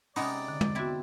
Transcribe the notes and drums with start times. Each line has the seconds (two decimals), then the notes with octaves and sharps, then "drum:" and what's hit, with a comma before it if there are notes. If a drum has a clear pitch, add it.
0.16 C3 G#3 C#4 D#4 D5 B5 D#6, drum: open hi-hat
0.48 D3
0.61 drum: tom
0.75 B3 C4 E4 F#4